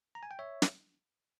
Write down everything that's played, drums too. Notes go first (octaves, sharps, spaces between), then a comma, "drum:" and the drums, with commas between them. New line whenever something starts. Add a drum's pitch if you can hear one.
A#5
G#5
G5
C#5 E5
drum: snare